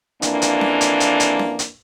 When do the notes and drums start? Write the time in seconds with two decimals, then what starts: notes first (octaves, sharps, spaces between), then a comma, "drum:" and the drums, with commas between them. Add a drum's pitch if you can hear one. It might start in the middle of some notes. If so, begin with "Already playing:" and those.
0.22 F2 E3 A#3 D4, drum: hi-hat
0.42 drum: hi-hat
0.61 drum: snare C#4
0.81 drum: hi-hat
1.00 drum: hi-hat
1.20 drum: hi-hat
1.39 drum: snare C#4
1.59 drum: hi-hat